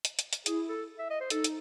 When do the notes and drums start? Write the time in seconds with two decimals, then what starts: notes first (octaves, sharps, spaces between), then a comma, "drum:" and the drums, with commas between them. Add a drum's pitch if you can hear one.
0.05 drum: hi-hat
0.19 drum: hi-hat
0.33 drum: hi-hat
0.46 E4 G#4, drum: hi-hat
0.68 A4
0.99 E5
1.10 D#5
1.20 C5
1.30 D#4 A4, drum: hi-hat
1.44 drum: hi-hat